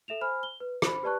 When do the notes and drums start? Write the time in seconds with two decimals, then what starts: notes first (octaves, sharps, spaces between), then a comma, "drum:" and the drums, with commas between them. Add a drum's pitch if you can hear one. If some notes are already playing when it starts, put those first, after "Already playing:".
0.08 A4 E5 E7 F7
0.21 C5 G#5 B5 F6
0.43 G7
0.60 B4
0.82 C5 B5, drum: rim click
1.03 G4 B4 D5 A5 C#6 F#6